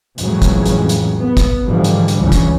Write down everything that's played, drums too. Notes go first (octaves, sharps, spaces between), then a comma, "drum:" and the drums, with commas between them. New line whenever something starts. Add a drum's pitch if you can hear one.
A1 F2 C#3 E3 F#3 G#3, drum: hi-hat
drum: kick, hi-hat
drum: hi-hat
drum: hi-hat
B3
drum: kick, hi-hat
G#2 D3 E3 F3 G3
drum: hi-hat
drum: hi-hat
C#2 G2 C#3 E3 C#4
drum: kick, hi-hat